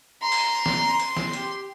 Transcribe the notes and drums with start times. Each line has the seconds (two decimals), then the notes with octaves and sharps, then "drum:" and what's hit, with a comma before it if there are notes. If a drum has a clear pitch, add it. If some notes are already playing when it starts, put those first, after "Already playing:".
0.23 A#5 C6
0.32 drum: open hi-hat
0.66 drum: snare
1.00 drum: hi-hat
1.17 drum: snare
1.33 G4, drum: hi-hat